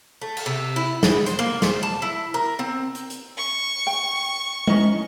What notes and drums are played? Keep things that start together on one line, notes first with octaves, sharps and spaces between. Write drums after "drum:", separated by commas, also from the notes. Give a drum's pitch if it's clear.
A3
drum: cymbal
C3
E4
G#3, drum: snare
C5, drum: hi-hat
A#3
C5, drum: snare
A5
E4
A#4
C4
drum: hi-hat
drum: hi-hat
C#6
G5
C#4 D#4 D#5, drum: tom G#3